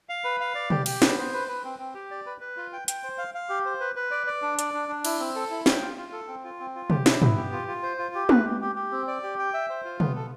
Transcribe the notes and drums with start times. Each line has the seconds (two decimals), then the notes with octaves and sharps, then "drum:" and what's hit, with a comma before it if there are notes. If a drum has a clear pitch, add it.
0.09 F5
0.24 B4
0.40 F5
0.55 D5
0.70 G4, drum: tom
0.86 G4, drum: cymbal
1.02 B3, drum: snare
1.18 C5
1.33 B4
1.48 B4
1.64 C4
1.79 C4
1.94 G4
2.11 D5
2.26 B4
2.41 B4
2.57 F4
2.73 G5
2.88 G5, drum: hi-hat
3.03 C5
3.18 F5
3.34 F5
3.49 G4
3.65 C5
3.80 B4
3.95 B4
4.11 D5
4.27 D5
4.42 D4
4.59 D5, drum: hi-hat
4.74 D4
4.89 D4
5.05 E4, drum: cymbal
5.19 C4
5.36 A4
5.50 E4
5.66 G5, drum: snare
5.81 F4
5.97 F4
6.12 A4
6.28 C4
6.44 F4
6.60 C4
6.75 F4
6.90 G4, drum: tom
7.06 E4, drum: snare
7.22 B3, drum: tom
7.37 G4
7.52 F4
7.68 F4
7.83 C5
7.99 F4
8.15 G4
8.29 B4, drum: tom
8.45 G4
8.61 G4
8.76 G4
8.91 C4
9.08 D5
9.23 G4
9.39 G5
9.54 E5
9.70 C5
9.85 F4
10.00 B3, drum: tom
10.16 A4